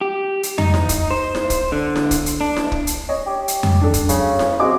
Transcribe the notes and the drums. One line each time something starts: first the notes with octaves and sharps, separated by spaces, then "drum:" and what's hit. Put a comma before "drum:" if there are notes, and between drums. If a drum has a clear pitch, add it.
G4
drum: hi-hat
D#4, drum: tom F2
drum: snare E4
drum: kick, hi-hat
C5
drum: snare E4
drum: kick, hi-hat
D3
drum: snare E4
drum: kick, hi-hat
drum: hi-hat
D4
drum: snare E4
drum: kick
drum: hi-hat
C#5 D#5
G4
drum: hi-hat
drum: tom F2
D4 A4
drum: kick, hi-hat
F#2 C#3, drum: hi-hat
drum: snare E4
G#3 C4 F#4 D6